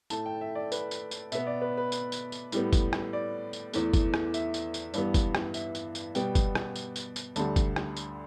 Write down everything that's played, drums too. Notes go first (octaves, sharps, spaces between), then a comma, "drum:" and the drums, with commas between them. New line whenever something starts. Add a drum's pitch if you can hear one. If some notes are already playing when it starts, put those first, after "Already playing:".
A2 A3 A5, drum: tambourine
G5
E5
D5
B4, drum: tambourine
drum: tambourine
drum: tambourine
B2 B3 E5, drum: tambourine
D5
B4
B4
drum: tambourine
drum: tambourine
drum: tambourine
A2 G3 B3, drum: tambourine
drum: kick, tambourine
drum: rim click
D5
drum: tambourine
E2 E3 A3, drum: tambourine
drum: kick, tambourine
drum: rim click
E5, drum: tambourine
drum: tambourine
drum: tambourine
G2 E3 G3 B3, drum: tambourine
drum: kick, tambourine
drum: rim click
E5, drum: tambourine
drum: tambourine
drum: tambourine
B2 G3 B3 G5, drum: tambourine
drum: kick, tambourine
drum: rim click
drum: tambourine
drum: tambourine
drum: tambourine
D2 D3 G3 A5, drum: tambourine
drum: kick, tambourine
drum: rim click
drum: tambourine